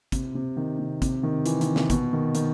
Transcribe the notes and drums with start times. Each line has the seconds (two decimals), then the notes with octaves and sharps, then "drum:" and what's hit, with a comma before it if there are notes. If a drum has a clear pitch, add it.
0.12 C3, drum: kick, hi-hat
0.35 C3
0.57 D#3
0.79 C3
1.02 C3, drum: kick, hi-hat
1.23 D#3
1.46 E3, drum: hi-hat
1.61 D#3, drum: hi-hat
1.76 C3, drum: snare
1.90 B2, drum: kick, hi-hat
2.13 D#3
2.35 D#3, drum: hi-hat